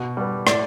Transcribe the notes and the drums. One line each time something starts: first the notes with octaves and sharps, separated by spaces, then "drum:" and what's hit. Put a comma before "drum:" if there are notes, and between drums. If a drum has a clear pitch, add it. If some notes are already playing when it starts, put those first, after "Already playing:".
Already playing: B2
G3 B3
A2 D5, drum: rim click